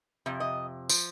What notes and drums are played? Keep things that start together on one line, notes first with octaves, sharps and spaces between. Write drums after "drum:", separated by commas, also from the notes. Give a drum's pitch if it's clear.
F2 C3
D#5
F3, drum: tambourine